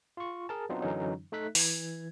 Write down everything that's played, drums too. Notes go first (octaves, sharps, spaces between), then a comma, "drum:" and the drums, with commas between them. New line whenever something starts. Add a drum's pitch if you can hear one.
F4 C#6
G#4 A#4 A5
F#3 B3 C4 D4 D#4 F4
F#2 D3 E3 F#3 C#4 D#4
A3 D#4 A4 E5 F#6 B6
E3 G#6, drum: open hi-hat